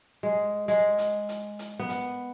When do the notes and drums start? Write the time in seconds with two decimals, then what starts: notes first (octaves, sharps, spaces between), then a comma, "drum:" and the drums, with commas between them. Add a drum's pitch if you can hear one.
0.23 G#3
0.68 G#3, drum: hi-hat
0.98 drum: hi-hat
1.29 drum: hi-hat
1.59 drum: hi-hat
1.79 B3
1.89 drum: hi-hat